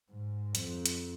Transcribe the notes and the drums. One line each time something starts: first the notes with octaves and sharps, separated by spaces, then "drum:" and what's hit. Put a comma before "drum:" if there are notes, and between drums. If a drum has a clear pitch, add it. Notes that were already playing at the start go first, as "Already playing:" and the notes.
G#2
F2, drum: hi-hat
drum: hi-hat